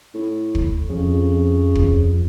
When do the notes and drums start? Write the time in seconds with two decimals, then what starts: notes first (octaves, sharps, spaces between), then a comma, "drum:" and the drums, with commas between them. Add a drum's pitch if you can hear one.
0.15 A2
0.55 drum: kick
0.90 F2 C#3
1.75 drum: kick